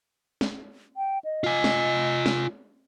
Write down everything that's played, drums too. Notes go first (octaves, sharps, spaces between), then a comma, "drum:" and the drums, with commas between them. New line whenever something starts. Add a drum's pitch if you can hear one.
drum: snare
G5
D#5
F4 G#5
drum: snare
drum: snare